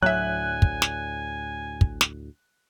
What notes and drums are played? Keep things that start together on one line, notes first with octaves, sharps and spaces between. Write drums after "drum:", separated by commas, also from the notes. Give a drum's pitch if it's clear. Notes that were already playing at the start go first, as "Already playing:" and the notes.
D2 A2 F#3 E5 G#5 F#6
drum: kick
drum: snare
drum: kick
drum: snare